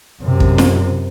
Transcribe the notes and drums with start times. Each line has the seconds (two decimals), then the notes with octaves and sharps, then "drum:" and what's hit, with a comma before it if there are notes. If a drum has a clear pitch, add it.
0.22 F#2 C3
0.40 drum: kick
0.58 drum: snare